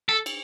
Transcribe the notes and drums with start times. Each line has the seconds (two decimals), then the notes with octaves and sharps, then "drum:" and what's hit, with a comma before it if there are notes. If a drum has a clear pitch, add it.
0.09 A4
0.26 drum: cymbal